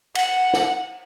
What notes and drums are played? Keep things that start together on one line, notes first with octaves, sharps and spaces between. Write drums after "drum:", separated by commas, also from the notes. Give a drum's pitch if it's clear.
F#5, drum: cymbal
drum: snare